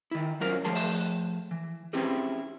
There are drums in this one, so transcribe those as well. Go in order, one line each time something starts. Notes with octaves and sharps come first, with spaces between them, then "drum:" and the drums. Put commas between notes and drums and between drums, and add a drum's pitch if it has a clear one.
D#3 E4
F#3 C#4 F4 A#4 C5
F3 A3 G#4 C#5 A5 C6
drum: open hi-hat
E3
C4 C#4 E4 G4 G#4 B4